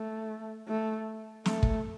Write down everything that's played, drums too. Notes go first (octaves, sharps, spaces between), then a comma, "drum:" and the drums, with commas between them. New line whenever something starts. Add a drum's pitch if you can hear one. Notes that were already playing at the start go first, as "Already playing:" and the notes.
Already playing: A3
A3
A3, drum: snare
drum: kick